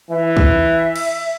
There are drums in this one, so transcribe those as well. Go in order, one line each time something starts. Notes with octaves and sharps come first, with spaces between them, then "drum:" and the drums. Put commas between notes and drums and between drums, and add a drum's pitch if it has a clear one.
E3 E5
drum: kick
drum: cymbal